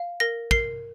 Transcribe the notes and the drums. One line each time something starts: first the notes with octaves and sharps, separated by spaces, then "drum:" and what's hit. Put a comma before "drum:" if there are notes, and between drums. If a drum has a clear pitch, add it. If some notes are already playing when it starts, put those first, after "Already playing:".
Already playing: F5
A#4 A#6
A#4 C7, drum: kick